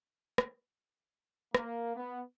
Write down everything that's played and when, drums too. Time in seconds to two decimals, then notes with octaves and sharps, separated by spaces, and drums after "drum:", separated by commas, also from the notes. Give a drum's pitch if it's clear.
0.38 drum: rim click
1.55 A#3, drum: rim click
1.96 B3